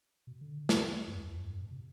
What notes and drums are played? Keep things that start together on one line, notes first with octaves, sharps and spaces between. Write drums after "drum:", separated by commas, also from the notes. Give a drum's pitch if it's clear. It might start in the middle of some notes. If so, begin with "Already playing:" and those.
B2
D3
drum: snare
F#2
E2
E2
F#2
G2
A2
C3